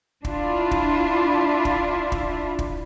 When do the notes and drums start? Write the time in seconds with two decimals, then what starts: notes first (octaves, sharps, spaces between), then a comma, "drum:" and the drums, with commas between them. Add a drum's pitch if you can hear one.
0.25 D4 E4 F4, drum: kick
0.71 drum: kick
1.65 drum: kick
2.12 drum: kick
2.59 drum: kick